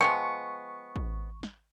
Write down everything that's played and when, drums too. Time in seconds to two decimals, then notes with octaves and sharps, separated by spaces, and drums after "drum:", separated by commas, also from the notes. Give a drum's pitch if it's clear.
0.01 F3 G#3 B3 G5 C#6
0.96 drum: kick
1.43 drum: snare